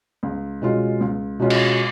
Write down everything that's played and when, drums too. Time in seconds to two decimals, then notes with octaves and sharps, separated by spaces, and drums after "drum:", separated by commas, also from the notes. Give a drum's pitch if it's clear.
0.23 C#2
0.62 B2 G#3 C#4 F4
1.01 C#2
1.39 B2 G#3 C#4 F4
1.50 drum: cymbal